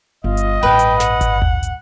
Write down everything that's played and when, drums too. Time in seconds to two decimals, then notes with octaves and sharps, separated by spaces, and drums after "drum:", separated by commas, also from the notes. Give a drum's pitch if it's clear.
0.24 G1 F4 D#5
0.37 drum: hi-hat
0.63 A1 G2 B4 G5
0.79 drum: hi-hat
1.00 F#5, drum: snare
1.21 drum: kick G#1, hi-hat
1.42 drum: tom D#2
1.63 drum: hi-hat